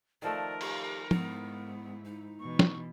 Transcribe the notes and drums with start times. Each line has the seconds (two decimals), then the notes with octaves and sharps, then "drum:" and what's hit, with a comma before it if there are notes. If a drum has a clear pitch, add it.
0.22 D#3 F3 A3 A#4 D5
0.61 G4, drum: cymbal
1.11 G#2 B3 E4, drum: tom
2.05 D#4
2.40 B2 E3 C#6
2.59 drum: snare